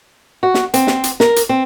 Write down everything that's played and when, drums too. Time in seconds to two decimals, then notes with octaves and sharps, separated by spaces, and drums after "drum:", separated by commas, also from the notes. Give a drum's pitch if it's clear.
0.43 F#4
0.54 drum: snare
0.74 C4, drum: hi-hat
0.87 drum: snare
1.04 drum: hi-hat
1.20 A#4, drum: snare
1.36 drum: hi-hat
1.49 C4